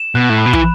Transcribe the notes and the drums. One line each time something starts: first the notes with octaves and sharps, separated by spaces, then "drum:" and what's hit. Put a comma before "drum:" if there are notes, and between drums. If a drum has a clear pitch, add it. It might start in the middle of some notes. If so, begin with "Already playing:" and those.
Already playing: E7
B2 F#6
A2
B5
B2
E3, drum: kick